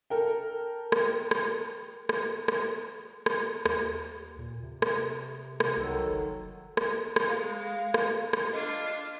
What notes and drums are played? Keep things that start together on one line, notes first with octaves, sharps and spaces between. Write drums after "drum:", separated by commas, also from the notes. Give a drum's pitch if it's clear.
A4 A#4 G5
drum: rim click
drum: rim click
drum: rim click
drum: rim click
drum: rim click
D#2, drum: rim click
A#2
C3
drum: rim click
drum: rim click
C2 D#3 F#3 A4
F#1
drum: rim click
drum: rim click
G#3 F5
drum: rim click
drum: rim click
D4 F4 D#5